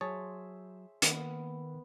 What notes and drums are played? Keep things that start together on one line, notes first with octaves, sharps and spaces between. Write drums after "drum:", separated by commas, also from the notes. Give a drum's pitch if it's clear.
F#3 G#4 C5 C#5 E5 A5
D#3 A#3 B3, drum: hi-hat